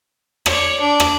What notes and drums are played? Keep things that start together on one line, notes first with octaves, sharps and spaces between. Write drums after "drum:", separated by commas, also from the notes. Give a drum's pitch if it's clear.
C#5 D5, drum: rim click
D4
drum: rim click